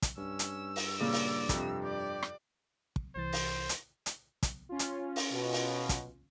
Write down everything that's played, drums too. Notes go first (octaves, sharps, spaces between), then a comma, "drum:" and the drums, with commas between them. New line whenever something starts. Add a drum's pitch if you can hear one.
drum: kick, hi-hat
G2 C#4 E6
drum: hi-hat
drum: open hi-hat
A#2 C#3 D5
drum: open hi-hat
F2 C3, drum: kick, hi-hat
G4 D5
drum: rim click
drum: kick
C2 E3 C5 A6
drum: open hi-hat
drum: hi-hat
drum: hi-hat
drum: kick, hi-hat
C#4 F4
drum: hi-hat
drum: open hi-hat
B2
drum: open hi-hat
drum: kick, hi-hat